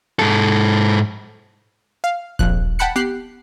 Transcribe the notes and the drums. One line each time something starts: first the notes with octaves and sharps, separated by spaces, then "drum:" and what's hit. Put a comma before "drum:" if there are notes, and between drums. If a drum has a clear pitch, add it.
G#2 A4
F5
A#1 F2 F#6, drum: kick D#1
F#5 G5 A5 B5 F#6 C#7
G4 F#6 C7, drum: tom B3